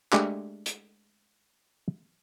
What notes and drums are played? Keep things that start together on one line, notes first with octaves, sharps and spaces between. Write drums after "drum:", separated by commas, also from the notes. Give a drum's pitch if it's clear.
G#3 A3 D4 G4 G#4, drum: clap
drum: hi-hat